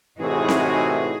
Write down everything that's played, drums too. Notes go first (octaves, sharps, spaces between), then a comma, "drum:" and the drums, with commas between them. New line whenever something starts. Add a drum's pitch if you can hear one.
A2 C3 E3 D#4 F#4 G#4
drum: snare C4